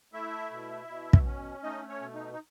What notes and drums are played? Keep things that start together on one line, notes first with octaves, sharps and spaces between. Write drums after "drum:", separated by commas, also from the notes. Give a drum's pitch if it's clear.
A3 E4 E5
B2
B2
drum: kick
C#4
A3 D#4 D#5
C#4 C#5
B2
D#4
D#4